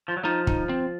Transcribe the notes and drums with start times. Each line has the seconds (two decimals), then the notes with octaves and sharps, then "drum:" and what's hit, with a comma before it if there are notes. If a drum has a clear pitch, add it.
0.08 F3
0.17 F#3
0.24 F3 D#4
0.47 D#4, drum: kick
0.69 C4